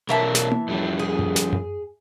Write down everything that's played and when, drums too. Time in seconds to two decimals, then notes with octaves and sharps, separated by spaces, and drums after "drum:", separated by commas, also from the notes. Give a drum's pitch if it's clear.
0.09 B1 E3 A#4 E5 A5
0.35 drum: snare
0.52 drum: tom A#3
0.68 F2 G3
0.99 G#4
1.19 drum: tom F#2
1.36 drum: snare
1.53 drum: tom F#2